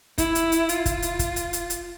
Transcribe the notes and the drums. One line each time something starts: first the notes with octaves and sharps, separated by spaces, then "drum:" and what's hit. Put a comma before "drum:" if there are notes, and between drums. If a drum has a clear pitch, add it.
E4, drum: kick, hi-hat
drum: hi-hat
drum: hi-hat
F4, drum: hi-hat
drum: kick, hi-hat
drum: hi-hat
drum: kick, hi-hat
drum: hi-hat
drum: hi-hat
drum: hi-hat